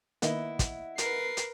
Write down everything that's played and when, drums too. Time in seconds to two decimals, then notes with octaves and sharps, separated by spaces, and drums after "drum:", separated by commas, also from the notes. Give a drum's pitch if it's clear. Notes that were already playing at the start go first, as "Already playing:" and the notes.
0.22 D#3 A#3 B3 E4 D#5 F#5, drum: hi-hat
0.59 drum: kick, hi-hat
0.98 A#4 B4 C7, drum: hi-hat
1.37 drum: hi-hat